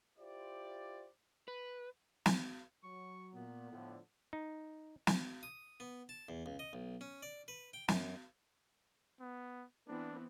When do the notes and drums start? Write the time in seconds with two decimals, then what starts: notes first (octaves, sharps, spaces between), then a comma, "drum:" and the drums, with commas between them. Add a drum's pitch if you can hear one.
0.18 E4 F4 G4 C5 D5
1.48 B4
2.26 drum: snare
2.83 F#3 C#6
3.35 A#2 B3
3.71 A2 D3 F3
4.33 D#4
5.07 drum: snare
5.43 D#6
5.80 B3
6.09 A5
6.29 E2
6.46 C#2
6.59 D#5
6.73 B1
7.01 C#4
7.23 D5
7.48 B4
7.73 G5
7.88 F#2, drum: snare
9.20 B3
9.88 E3 B3 C4 D4